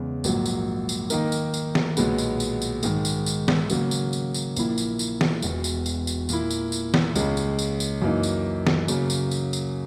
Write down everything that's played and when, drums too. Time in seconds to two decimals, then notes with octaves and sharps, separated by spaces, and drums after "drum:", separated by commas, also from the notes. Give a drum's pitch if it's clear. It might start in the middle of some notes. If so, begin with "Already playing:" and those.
Already playing: E2 C#3 G#3
0.24 A#1 G#2 F#3 A#3, drum: tambourine
0.46 drum: tambourine
0.89 drum: tambourine
1.10 D#3 A#3 D#4 A#4, drum: tambourine
1.32 drum: tambourine
1.54 drum: tambourine
1.75 drum: snare
1.97 B1 A#2 G#3 B3, drum: tambourine
2.18 drum: tambourine
2.40 drum: tambourine
2.62 drum: tambourine
2.83 G#2 D#3 G#3, drum: tambourine
3.05 drum: tambourine
3.26 drum: tambourine
3.48 drum: snare
3.70 C#3 F#3 A#3, drum: tambourine
3.91 drum: tambourine
4.13 drum: tambourine
4.34 drum: tambourine
4.56 A#1 A#2 A#3 E4, drum: tambourine
4.78 drum: tambourine
4.99 drum: tambourine
5.21 drum: snare
5.42 E1 E2 B2, drum: tambourine
5.64 drum: tambourine
5.86 drum: tambourine
6.07 drum: tambourine
6.29 A#2 A#3 E4, drum: tambourine
6.51 drum: tambourine
6.72 drum: tambourine
6.94 drum: snare
7.15 C#2 C#3 G#3, drum: tambourine
7.37 drum: tambourine
7.59 drum: tambourine
7.80 drum: tambourine
8.02 F#2 E3 A#3 D#4
8.23 drum: tambourine
8.67 drum: snare
8.88 F#2 C#3 F#3 A#3, drum: tambourine
9.10 drum: tambourine
9.31 drum: tambourine
9.53 drum: tambourine